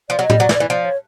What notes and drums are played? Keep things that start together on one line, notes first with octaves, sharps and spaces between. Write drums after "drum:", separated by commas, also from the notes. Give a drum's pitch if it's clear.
F3 D5
F#3
D#5
G3, drum: tom A2
F#3 D5
E3, drum: snare
D5
E3
F3 D5
C#5